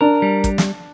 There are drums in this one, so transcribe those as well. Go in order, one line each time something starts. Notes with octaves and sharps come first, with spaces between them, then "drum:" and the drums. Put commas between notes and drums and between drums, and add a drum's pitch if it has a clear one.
D4 A#4
G3
drum: kick, hi-hat
drum: snare